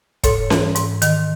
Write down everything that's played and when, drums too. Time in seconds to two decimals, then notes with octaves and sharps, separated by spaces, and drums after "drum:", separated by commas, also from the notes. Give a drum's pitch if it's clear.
0.24 G#2 A4 C#5, drum: kick, hi-hat
0.50 E3, drum: snare C#4
0.75 G#2, drum: hi-hat
1.02 D#3, drum: hi-hat